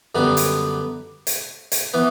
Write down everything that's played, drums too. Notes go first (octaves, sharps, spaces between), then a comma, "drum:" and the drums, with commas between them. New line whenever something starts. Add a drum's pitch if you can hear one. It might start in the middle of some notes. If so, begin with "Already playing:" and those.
F#2 D3 G3 B3
drum: hi-hat
drum: hi-hat
drum: hi-hat
E3 B3